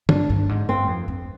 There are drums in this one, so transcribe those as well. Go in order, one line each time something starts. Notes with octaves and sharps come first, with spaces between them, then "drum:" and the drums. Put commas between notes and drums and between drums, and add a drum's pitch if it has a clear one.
G2 D4, drum: tom
G2
G#2
G2 C4
F2
F2